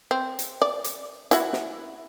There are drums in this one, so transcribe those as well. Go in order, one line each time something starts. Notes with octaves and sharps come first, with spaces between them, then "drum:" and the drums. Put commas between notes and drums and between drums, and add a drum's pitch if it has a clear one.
C4
drum: hi-hat
D5
drum: hi-hat
E4 F#4, drum: hi-hat
drum: snare